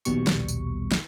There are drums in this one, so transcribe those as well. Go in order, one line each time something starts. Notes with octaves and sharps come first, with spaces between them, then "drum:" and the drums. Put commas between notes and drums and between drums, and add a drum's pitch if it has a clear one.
A#1 D#2 B2 G3 C#6, drum: tambourine
drum: snare
drum: tambourine
drum: snare